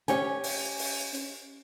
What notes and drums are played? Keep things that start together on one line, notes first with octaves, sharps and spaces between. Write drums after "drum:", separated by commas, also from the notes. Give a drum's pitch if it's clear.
C#4 G4 C#5 G5 G#5, drum: hi-hat
drum: open hi-hat
drum: open hi-hat
drum: hi-hat